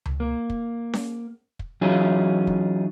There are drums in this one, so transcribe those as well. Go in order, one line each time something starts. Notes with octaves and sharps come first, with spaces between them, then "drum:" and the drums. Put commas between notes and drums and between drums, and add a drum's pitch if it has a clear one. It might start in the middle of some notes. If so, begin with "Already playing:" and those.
drum: tom C#2
A#3
drum: kick
drum: snare C#4
drum: kick
E3 F#3 C#4 D#4 F4 G#4
drum: kick